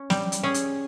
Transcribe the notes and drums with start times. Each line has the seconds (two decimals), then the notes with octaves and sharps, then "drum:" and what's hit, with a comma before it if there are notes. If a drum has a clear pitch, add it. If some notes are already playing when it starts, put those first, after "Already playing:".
Already playing: C#4
0.10 G3, drum: snare
0.32 drum: hi-hat
0.43 C#4 G#4
0.54 drum: hi-hat